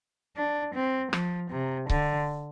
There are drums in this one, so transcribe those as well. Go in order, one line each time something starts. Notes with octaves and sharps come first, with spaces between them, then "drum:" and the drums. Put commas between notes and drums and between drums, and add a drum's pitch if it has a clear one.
D4
C4
F3, drum: rim click
C3
D3, drum: kick C#1